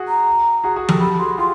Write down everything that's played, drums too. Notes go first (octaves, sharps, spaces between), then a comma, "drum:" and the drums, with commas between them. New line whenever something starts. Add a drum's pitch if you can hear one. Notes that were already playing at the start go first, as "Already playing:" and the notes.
Already playing: F#4 G#4
A#5
F#4 G#4
F#4 G#4
G4 A4, drum: tom F3
G4 A4 B5
F#4 G#4 C6
F4 G4 C6